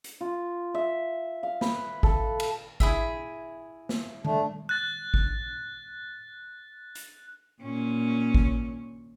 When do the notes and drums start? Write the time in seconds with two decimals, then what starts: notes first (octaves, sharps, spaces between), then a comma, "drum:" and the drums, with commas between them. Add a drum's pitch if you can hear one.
0.04 drum: hi-hat
0.21 F4
0.74 E5
1.43 F5
1.61 B4, drum: snare
2.03 A4, drum: kick
2.40 drum: cymbal
2.80 E4 G#4 E5, drum: kick
3.89 drum: snare
4.25 A3 D4, drum: tom D3
4.69 F#6 A6
5.14 drum: kick
6.95 drum: hi-hat
7.62 A#2 C#4
8.34 drum: kick